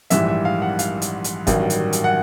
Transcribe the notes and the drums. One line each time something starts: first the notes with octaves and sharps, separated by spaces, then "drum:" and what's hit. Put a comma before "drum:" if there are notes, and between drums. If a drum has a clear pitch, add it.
A#1 G#2 E3 G3 E5, drum: hi-hat
E5
F5
F#5
F5, drum: hi-hat
drum: hi-hat
drum: hi-hat
A1 G2 D#3 F#3, drum: kick F#1, hi-hat
drum: hi-hat
drum: hi-hat
F#5